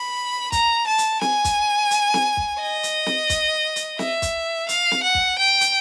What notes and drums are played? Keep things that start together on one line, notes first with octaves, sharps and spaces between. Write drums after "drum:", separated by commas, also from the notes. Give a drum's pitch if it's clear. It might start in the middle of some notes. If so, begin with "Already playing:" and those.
Already playing: B5
A#5, drum: kick, hi-hat
A5
drum: hi-hat
G#5, drum: snare
drum: kick, hi-hat
drum: hi-hat
drum: snare
drum: kick
D#5
drum: hi-hat
drum: snare
drum: kick, hi-hat
drum: hi-hat
E5, drum: snare
drum: kick, hi-hat
F5, drum: hi-hat
drum: snare
F#5
drum: kick
G5
drum: hi-hat